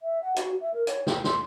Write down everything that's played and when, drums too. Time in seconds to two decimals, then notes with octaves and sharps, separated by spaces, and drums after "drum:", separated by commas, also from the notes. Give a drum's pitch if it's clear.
0.01 E5
0.22 F#5
0.36 F#4, drum: hi-hat
0.61 E5
0.74 A#4
0.87 C#5, drum: hi-hat
1.07 G5, drum: snare
1.24 C6, drum: snare